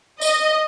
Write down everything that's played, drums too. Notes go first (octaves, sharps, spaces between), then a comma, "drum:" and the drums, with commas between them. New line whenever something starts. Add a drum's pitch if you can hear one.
D#5, drum: tambourine